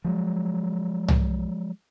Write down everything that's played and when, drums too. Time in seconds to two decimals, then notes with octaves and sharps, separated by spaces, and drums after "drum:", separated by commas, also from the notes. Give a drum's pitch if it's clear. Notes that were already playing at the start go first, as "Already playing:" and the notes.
0.04 F3 F#3 G#3
1.08 drum: tom C2